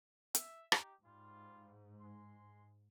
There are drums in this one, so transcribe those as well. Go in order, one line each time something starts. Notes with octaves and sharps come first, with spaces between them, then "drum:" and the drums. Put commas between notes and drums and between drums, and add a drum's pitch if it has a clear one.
E5, drum: hi-hat
D#4 G4, drum: rim click
G#2 G3 F4
G#3 C6